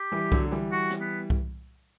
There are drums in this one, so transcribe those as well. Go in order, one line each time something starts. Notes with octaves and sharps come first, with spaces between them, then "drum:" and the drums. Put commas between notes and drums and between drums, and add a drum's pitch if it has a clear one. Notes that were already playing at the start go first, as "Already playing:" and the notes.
Already playing: G4
E3 G3
D3 F#3, drum: kick C2
F#3
E3 G3
F#4
drum: rim click
B3
drum: kick C2